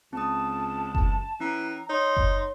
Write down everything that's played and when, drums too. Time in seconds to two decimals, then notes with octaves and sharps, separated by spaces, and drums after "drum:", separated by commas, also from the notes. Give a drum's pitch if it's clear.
0.13 C#2 C4 A5 D#6
0.95 drum: kick F#1
1.40 E3 C#4 A#5
1.89 D#4 C#5 C6
2.17 drum: kick F#1